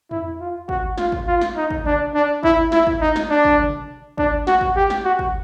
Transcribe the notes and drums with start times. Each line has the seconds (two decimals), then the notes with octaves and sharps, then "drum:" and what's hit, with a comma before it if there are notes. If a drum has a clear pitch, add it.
0.11 E4, drum: tom
0.40 F4
0.69 F#4, drum: kick
0.98 F4, drum: snare
1.12 drum: kick
1.27 F4
1.41 drum: snare
1.57 D#4
1.70 drum: kick
1.86 D4, drum: tom
2.14 D4
2.43 E4, drum: kick
2.72 E4, drum: snare
2.87 drum: kick
3.01 D#4
3.16 drum: snare
3.30 D4
3.45 drum: kick
3.59 drum: tom
4.18 D4, drum: kick
4.47 F#4, drum: snare
4.61 drum: kick
4.76 G4
4.90 drum: snare
5.05 F#4
5.19 drum: kick